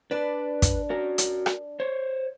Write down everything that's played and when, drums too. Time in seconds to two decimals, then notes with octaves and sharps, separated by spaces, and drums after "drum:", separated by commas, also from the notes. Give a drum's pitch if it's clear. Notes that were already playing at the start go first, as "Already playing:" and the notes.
0.11 D4 B4 D5 A5
0.62 drum: kick, hi-hat
0.90 F#4 A#4
1.18 drum: hi-hat
1.46 drum: rim click
1.80 C5 C#5